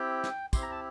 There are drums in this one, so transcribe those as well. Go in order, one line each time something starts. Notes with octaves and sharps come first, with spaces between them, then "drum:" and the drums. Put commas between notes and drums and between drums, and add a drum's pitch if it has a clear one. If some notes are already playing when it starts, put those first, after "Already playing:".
Already playing: C4 E4 G4 G5
drum: snare
C4 E4 G4 C6, drum: kick, tambourine
A#5
A5